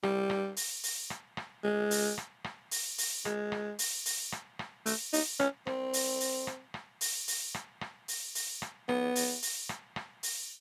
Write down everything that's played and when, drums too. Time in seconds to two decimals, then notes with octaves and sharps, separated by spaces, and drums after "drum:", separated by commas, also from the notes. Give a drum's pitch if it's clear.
0.03 G3, drum: rim click
0.30 drum: rim click
0.57 drum: open hi-hat
0.83 drum: open hi-hat
1.10 drum: rim click
1.37 drum: rim click
1.64 G#3
1.91 drum: open hi-hat
2.18 drum: rim click
2.44 drum: rim click
2.71 drum: open hi-hat
2.98 drum: open hi-hat
3.25 G#3, drum: rim click
3.52 drum: rim click
3.79 drum: open hi-hat
4.05 drum: open hi-hat
4.32 drum: rim click
4.59 drum: rim click
4.86 A3, drum: open hi-hat
5.13 D#4, drum: open hi-hat
5.40 C#4, drum: rim click
5.67 C4, drum: rim click
5.93 drum: open hi-hat
6.20 drum: open hi-hat
6.47 drum: rim click
6.74 drum: rim click
7.01 drum: open hi-hat
7.28 drum: open hi-hat
7.54 drum: rim click
7.81 drum: rim click
8.08 drum: open hi-hat
8.35 drum: open hi-hat
8.62 drum: rim click
8.89 B3, drum: rim click
9.15 drum: open hi-hat
9.42 drum: open hi-hat
9.69 drum: rim click
9.96 drum: rim click
10.23 drum: open hi-hat